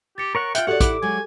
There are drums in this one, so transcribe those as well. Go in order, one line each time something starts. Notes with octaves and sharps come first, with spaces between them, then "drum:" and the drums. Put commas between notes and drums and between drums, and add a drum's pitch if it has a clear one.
G4 A6 C#7
A#4 C#5 F#5 C#6
F4 E5 F#5 G5, drum: hi-hat
F#4 G4 A4 C#5 D5 F#5
E4 D6, drum: kick, hi-hat
F#3 G#3 G#5